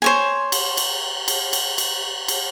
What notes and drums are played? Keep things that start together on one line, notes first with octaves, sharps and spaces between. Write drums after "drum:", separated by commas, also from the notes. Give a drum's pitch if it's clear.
C5 C#5 G#5
drum: cymbal
drum: cymbal
drum: cymbal
drum: cymbal
drum: cymbal
drum: cymbal